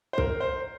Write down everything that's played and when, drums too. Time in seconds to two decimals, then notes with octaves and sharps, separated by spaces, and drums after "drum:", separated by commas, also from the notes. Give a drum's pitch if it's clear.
0.13 C5
0.18 A#4, drum: kick
0.40 C5